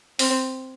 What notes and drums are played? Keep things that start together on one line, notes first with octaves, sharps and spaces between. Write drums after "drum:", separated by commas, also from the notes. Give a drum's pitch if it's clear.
C4, drum: open hi-hat